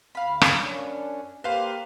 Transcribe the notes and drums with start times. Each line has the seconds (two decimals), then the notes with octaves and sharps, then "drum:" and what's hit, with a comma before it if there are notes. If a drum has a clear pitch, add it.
0.15 D2 F5 B5
0.41 drum: rim click
0.60 F#2 C#4 D4
1.44 A#3 G4 B4 C5 F5